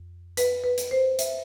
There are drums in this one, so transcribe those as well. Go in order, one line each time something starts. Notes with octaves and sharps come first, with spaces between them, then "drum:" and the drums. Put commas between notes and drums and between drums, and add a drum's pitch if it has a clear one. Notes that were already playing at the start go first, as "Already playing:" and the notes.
Already playing: F2
B4, drum: hi-hat
B4
drum: hi-hat
C5
E5, drum: hi-hat